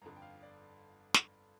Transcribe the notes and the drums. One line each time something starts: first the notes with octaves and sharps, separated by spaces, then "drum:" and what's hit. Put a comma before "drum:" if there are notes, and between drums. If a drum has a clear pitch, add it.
G1 F2 D3 A#5
G5
F5
D5
drum: snare